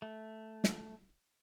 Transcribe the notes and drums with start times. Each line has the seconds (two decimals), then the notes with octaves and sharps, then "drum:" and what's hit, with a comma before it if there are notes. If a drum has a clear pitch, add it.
0.02 A3
0.64 drum: snare